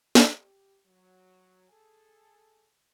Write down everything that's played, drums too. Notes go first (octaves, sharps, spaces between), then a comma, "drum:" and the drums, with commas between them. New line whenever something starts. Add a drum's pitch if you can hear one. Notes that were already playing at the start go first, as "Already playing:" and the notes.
drum: snare
G4
F#3
G#4 A4 G#5